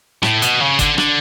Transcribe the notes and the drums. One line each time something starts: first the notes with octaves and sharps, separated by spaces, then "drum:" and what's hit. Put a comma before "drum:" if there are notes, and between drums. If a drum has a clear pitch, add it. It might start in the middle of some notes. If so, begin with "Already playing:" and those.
A2, drum: rim click
B2, drum: hi-hat
C#3
D3, drum: kick, hi-hat
D3, drum: rim click